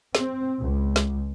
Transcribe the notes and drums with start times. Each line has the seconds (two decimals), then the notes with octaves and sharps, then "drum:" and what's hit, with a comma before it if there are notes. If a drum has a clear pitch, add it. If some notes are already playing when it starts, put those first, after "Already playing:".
0.15 C4, drum: snare
0.59 C#2
0.96 drum: snare